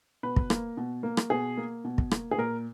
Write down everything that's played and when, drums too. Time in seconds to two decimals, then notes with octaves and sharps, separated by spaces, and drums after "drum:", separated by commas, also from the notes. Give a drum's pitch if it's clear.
0.23 B2 B4
0.36 drum: kick
0.50 A#3, drum: rim click
0.77 B2
1.03 A#3
1.17 drum: rim click
1.30 B2 G#4
1.57 A#3
1.84 B2
1.98 drum: kick
2.11 A#3, drum: rim click
2.31 G#4
2.38 A#2 A#4